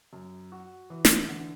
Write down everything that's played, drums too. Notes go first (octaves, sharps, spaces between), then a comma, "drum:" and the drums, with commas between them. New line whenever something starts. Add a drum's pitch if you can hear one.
F#2
F#4
E3
drum: snare
D3